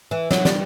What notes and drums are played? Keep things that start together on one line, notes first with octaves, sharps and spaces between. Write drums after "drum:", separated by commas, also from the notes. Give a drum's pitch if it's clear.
E3
F#3, drum: snare
G3, drum: snare